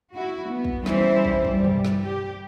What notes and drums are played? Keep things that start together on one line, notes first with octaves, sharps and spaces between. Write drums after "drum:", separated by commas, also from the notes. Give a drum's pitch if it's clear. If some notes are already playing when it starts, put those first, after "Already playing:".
E4 F#4
B3
drum: kick
C#3 E3 G3 E4 C5 E5, drum: snare
drum: kick
G2 G3, drum: kick
drum: tom B2
drum: snare
G4